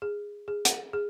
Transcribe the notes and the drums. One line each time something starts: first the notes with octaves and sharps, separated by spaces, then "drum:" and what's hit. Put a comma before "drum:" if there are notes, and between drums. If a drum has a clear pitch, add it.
G#4
G#4
drum: hi-hat
G#4